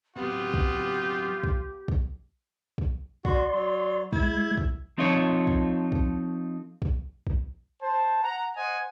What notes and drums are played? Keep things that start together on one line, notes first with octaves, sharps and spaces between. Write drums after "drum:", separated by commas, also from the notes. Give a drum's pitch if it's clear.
F#3 B3 C4 F4 G4
drum: kick
drum: kick
drum: kick
drum: kick
F#4 D5 C6, drum: kick
F#3
G#3 E4 G#6, drum: kick
drum: kick
F3 C4 D#4 F4 A4 C#5
drum: kick
drum: kick
drum: kick
drum: kick
C5 A5
F#5 A#5
C5 D#5 F#5 G#5